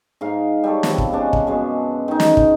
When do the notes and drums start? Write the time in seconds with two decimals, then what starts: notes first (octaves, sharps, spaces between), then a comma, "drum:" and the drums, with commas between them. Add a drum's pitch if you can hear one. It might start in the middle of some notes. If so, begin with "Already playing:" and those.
0.21 G#2 D#4 F5
0.64 G3 A4 C#5
0.83 C3 F3 B3, drum: snare
0.98 drum: kick
1.12 G#3 C#4 D4
1.33 drum: kick
1.47 F#2 B2 G#3
2.08 D#3 D#4
2.20 drum: snare
2.37 drum: kick